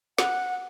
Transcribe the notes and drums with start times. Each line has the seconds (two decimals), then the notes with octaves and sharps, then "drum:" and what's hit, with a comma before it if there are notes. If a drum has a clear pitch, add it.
0.18 F#5, drum: snare